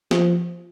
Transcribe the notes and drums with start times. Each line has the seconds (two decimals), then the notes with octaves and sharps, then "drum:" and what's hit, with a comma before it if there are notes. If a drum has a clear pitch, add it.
0.11 F3, drum: snare